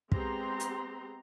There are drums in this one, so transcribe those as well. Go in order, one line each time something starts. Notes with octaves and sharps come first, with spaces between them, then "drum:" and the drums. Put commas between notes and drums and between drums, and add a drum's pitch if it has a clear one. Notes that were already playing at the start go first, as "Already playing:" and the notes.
G#3 B3 C4 G4 A#5 C6, drum: kick
drum: hi-hat